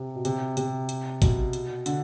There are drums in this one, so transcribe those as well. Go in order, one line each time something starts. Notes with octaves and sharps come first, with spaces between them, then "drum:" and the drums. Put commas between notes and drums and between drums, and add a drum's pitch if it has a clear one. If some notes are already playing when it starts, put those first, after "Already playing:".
Already playing: C3
B2
C3, drum: hi-hat
C3, drum: hi-hat
drum: hi-hat
B2, drum: kick G#1, hi-hat
drum: hi-hat
D3, drum: hi-hat